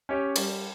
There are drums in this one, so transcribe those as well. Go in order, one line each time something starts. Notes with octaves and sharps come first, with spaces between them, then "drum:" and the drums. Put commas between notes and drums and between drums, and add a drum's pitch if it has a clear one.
C#4 G4 C#5
G3, drum: cymbal